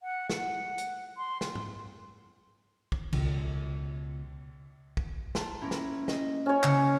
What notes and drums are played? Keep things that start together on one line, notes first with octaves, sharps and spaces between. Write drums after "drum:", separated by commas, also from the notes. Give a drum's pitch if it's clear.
F#5
F#5, drum: snare
drum: hi-hat
C6
drum: snare
drum: tom G#2
drum: kick
C#2 B2, drum: cymbal
drum: kick
A5 A#5 C6, drum: snare
A#3 C#4 E4
drum: snare
D#5, drum: snare
C#4 C#5
C#3 C#7, drum: clap